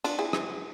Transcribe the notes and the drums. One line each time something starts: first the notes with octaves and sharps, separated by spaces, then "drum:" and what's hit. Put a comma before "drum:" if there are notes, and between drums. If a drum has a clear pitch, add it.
D4 F4, drum: cymbal
E4 G#4
drum: rim click